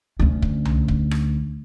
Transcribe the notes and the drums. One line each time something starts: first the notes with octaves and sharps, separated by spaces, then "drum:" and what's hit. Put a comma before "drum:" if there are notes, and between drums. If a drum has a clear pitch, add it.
D2 C#4
drum: kick
drum: tom C2
drum: kick
drum: rim click